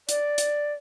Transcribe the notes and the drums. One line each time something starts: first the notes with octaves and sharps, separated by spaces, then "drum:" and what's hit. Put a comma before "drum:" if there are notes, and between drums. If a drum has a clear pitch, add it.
D5, drum: hi-hat
drum: hi-hat